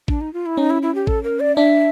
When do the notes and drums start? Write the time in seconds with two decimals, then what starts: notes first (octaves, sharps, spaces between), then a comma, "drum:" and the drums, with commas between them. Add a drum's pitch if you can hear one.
0.08 D4, drum: kick A1
0.21 D#4
0.34 F4
0.46 E4
0.57 C#4 D#4
0.70 E4
0.82 E4
0.95 G4
1.07 A4, drum: kick A1
1.23 A#4
1.40 D5
1.56 D4 E5